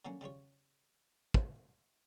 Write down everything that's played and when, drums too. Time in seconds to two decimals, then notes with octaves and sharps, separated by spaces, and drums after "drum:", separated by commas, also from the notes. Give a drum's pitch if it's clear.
0.05 D3 F#3 A#3 C#4
0.21 C#3 G3 F4 C#5
1.34 drum: kick